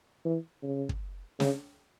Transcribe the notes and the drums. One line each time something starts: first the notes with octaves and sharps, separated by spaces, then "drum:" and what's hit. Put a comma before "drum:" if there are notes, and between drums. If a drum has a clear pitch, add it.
E3
C#3
drum: kick
C#3, drum: snare